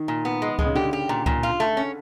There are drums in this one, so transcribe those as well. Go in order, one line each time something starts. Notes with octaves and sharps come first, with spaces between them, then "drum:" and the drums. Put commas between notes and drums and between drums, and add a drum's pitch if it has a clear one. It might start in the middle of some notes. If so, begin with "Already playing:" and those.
Already playing: D#3
A#2
B3
G#3
G#3, drum: kick C#2
C#3
D3 G4
G4
A#2
A#2, drum: kick C#2
F4
A3
C#4